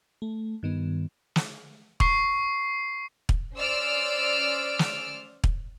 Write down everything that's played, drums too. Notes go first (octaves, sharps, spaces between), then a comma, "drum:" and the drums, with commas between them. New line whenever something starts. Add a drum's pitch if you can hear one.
A3
G2 D#3 B3
drum: snare
C#6 C7, drum: kick
drum: kick
C#4 C5 D5 E6 F6 D7
drum: snare
drum: kick